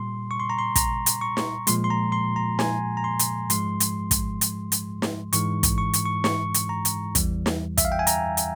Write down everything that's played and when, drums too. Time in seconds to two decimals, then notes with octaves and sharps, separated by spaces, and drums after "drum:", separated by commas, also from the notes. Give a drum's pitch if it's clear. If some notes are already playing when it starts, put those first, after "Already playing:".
Already playing: A#2 G3 C6
0.31 C#6
0.40 C6
0.50 A#5
0.58 C6
0.76 A#5, drum: kick, hi-hat
1.06 drum: hi-hat
1.21 C#6
1.37 drum: snare
1.67 A#2 F3 G#3 C6, drum: hi-hat
1.84 C6
1.90 A#5
2.12 C6
2.36 A#5
2.59 G#5, drum: snare
2.97 A#5
3.04 C6
3.19 drum: hi-hat
3.50 G#2 F3 G#3 C6, drum: hi-hat
3.80 drum: hi-hat
4.11 drum: kick, hi-hat
4.41 drum: hi-hat
4.72 drum: hi-hat
5.02 drum: snare
5.33 G#2 E3 G#3 C#6, drum: hi-hat
5.63 drum: kick, hi-hat
5.78 C#6
5.93 drum: hi-hat
6.06 C#6
6.24 C#6, drum: snare
6.54 drum: hi-hat
6.69 A#5
6.85 drum: hi-hat
7.15 E2 E3 G3, drum: kick, hi-hat
7.46 drum: snare
7.78 E5, drum: kick, hi-hat
7.85 F5
7.92 G5
7.99 G#5
8.07 A#5, drum: hi-hat
8.37 drum: hi-hat